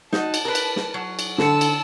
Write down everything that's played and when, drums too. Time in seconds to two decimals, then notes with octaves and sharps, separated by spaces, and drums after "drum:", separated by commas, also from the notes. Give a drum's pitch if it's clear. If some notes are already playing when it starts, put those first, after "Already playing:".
0.13 D#4 F#4 A5, drum: snare
0.34 drum: cymbal
0.45 A#4 B4
0.55 drum: cymbal
0.76 drum: snare
0.94 F#3
1.19 drum: cymbal
1.38 D3 A4 A5 E6 C#7, drum: snare
1.61 drum: cymbal